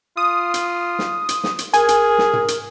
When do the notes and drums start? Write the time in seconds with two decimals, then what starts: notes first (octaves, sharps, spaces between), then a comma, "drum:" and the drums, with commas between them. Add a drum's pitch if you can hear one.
0.17 F4 D#6
0.54 drum: hi-hat
0.99 drum: snare
1.29 drum: hi-hat
1.44 drum: snare
1.59 drum: hi-hat
1.74 G#4 A#4 G#5, drum: hi-hat
1.88 drum: hi-hat
2.18 drum: snare
2.33 drum: tom
2.48 drum: hi-hat